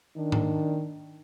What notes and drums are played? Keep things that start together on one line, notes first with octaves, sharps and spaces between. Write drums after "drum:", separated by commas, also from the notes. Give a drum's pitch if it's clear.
D#3 D4
drum: tom G#2